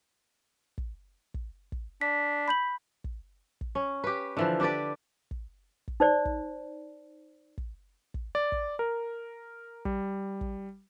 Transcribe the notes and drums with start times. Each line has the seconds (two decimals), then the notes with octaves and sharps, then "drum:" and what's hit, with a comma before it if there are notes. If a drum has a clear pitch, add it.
0.78 drum: kick
1.34 drum: kick
1.72 drum: kick
2.01 D4 B6
2.48 B5 G6 F#7
3.04 drum: kick
3.61 drum: kick
3.75 C#4
4.04 G4 B4
4.37 D3 E3 F3
4.60 D4 G4 B4 D5
5.31 drum: kick
5.88 drum: kick
6.00 D#4 C5 D5
6.25 drum: kick
7.58 drum: kick
8.14 drum: kick
8.35 D5
8.52 drum: kick
8.79 A#4
9.85 G3, drum: kick
10.41 drum: kick